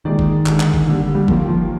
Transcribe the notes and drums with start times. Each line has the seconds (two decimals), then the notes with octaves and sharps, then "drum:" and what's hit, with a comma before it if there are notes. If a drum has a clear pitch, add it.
0.05 A#2 D#3 G#3 D#4 G#4 D5
0.19 drum: kick F1
0.46 D3 G#3 D#4 G#4, drum: clap
0.60 drum: clap
0.74 drum: kick F1
0.87 D3 G3 A#3
1.15 G3
1.28 D#2 D#3 F3 A#3, drum: kick F1
1.49 F3